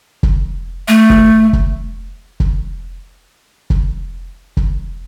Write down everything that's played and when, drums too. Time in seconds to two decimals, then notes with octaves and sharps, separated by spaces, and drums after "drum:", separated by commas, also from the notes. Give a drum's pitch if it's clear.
0.23 drum: kick
0.88 A3
1.10 drum: kick
1.53 drum: kick
2.40 drum: kick
3.70 drum: kick
4.57 drum: kick